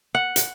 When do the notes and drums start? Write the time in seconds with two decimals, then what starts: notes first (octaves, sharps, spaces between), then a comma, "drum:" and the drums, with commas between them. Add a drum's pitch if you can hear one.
0.15 F#5
0.36 drum: hi-hat